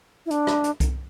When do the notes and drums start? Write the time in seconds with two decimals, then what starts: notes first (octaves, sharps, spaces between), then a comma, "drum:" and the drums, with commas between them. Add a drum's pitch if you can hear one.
0.26 E4
0.31 D4, drum: hi-hat
0.47 drum: rim click
0.64 drum: hi-hat
0.80 drum: kick C2, hi-hat